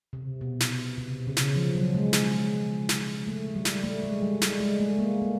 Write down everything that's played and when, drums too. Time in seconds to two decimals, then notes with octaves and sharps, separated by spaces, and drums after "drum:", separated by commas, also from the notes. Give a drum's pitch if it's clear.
0.13 C3
0.41 B2
0.61 drum: snare
0.98 C3
1.27 C#3
1.37 drum: snare
1.56 F3
1.75 F#3
1.94 G#3
2.13 drum: snare
2.89 drum: snare
3.27 A3
3.56 G3
3.65 drum: snare
3.84 A3
4.04 G#3
4.22 G3
4.42 G#3, drum: snare
4.60 G#3
4.80 A3
4.99 A#3
5.22 A#3